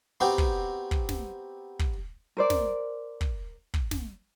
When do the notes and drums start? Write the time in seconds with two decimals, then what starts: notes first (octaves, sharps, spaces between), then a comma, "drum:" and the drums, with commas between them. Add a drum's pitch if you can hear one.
0.20 B3 C4 D#4 F#4 G4
0.38 drum: kick
0.91 drum: kick
1.09 drum: snare
1.79 drum: kick
2.37 A#4 C5 D5
2.50 drum: snare
3.21 drum: kick
3.74 drum: kick
3.91 drum: snare